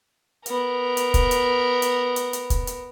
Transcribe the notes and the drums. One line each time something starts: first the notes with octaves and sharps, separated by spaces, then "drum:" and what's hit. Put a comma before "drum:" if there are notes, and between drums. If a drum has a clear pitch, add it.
B3 A#4, drum: hi-hat
drum: hi-hat
drum: kick, hi-hat
drum: hi-hat
drum: hi-hat
drum: hi-hat
drum: hi-hat
drum: kick, hi-hat
drum: hi-hat